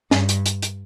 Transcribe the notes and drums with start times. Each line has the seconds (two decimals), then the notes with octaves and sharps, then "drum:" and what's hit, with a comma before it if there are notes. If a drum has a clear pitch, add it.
0.11 G2, drum: snare
0.29 drum: hi-hat
0.46 drum: hi-hat
0.62 drum: hi-hat